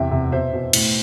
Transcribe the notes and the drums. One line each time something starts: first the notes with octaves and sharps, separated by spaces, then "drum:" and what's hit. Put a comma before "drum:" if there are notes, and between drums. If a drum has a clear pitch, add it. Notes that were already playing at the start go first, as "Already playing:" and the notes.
Already playing: E2 C3 E5 G5
C3
B2 C5 E5
B2
A2, drum: cymbal